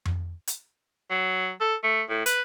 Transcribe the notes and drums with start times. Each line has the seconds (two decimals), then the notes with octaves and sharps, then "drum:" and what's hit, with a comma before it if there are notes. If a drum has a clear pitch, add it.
0.05 drum: tom F2
0.47 drum: hi-hat
1.11 F#3
1.61 A4
1.84 A3
2.09 A2
2.26 B4, drum: hi-hat